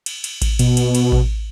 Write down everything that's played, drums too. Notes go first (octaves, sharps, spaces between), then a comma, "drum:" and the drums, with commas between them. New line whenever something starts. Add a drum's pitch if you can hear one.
drum: cymbal
drum: cymbal
drum: kick A1, cymbal
B2, drum: cymbal
drum: cymbal
drum: cymbal
drum: kick A1